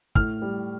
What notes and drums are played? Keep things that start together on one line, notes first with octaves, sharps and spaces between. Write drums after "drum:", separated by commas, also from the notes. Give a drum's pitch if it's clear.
A2 F6, drum: kick
G3